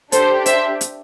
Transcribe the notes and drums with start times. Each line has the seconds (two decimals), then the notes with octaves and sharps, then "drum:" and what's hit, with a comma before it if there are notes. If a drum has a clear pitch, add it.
0.12 D4 G4 A4 C5, drum: hi-hat
0.46 C5 E5, drum: hi-hat
0.81 drum: hi-hat